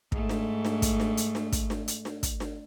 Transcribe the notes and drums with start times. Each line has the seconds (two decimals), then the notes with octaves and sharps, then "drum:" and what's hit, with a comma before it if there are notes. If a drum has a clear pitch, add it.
0.12 G#2 A3, drum: kick
0.29 drum: snare D4
0.65 drum: snare D4
0.82 drum: kick, hi-hat
1.00 drum: snare D4
1.17 drum: hi-hat
1.35 drum: snare D4
1.52 drum: kick, hi-hat
1.70 drum: snare D4
1.88 drum: hi-hat
2.05 drum: snare D4
2.23 drum: kick, hi-hat
2.40 drum: snare D4